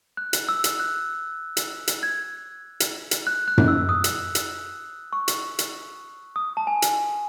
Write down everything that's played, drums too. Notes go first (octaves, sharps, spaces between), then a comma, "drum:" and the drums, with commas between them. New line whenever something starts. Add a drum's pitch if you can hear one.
F#6
drum: hi-hat
E6
drum: hi-hat
F#6
drum: hi-hat
drum: hi-hat
G#6
drum: hi-hat
drum: hi-hat
F#6
F#6
drum: tom F#2
E6
D#6
drum: hi-hat
drum: hi-hat
C#6
drum: hi-hat
drum: hi-hat
D#6
A5
G#5
drum: hi-hat